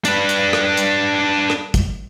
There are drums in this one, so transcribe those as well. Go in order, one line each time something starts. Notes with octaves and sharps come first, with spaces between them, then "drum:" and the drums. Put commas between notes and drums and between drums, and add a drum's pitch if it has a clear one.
D4 B4, drum: hi-hat
drum: hi-hat
drum: rim click
drum: hi-hat
drum: rim click
drum: kick, hi-hat